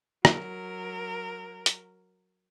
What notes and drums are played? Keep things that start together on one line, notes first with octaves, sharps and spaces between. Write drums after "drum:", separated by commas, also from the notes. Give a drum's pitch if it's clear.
F#3 A#4, drum: rim click
drum: hi-hat